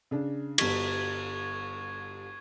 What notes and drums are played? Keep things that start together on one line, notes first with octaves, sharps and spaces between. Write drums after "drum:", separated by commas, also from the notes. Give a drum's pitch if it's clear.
C#3 D4
G1 G3 C#6 G#6 B6, drum: cymbal